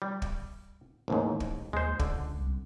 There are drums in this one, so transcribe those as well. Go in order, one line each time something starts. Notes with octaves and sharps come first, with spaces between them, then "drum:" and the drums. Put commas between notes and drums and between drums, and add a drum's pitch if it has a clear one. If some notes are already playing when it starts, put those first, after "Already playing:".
G3
drum: kick
A1 D#2 G#2
drum: kick
D#2 G#3 C5
C#2 D3, drum: kick
C2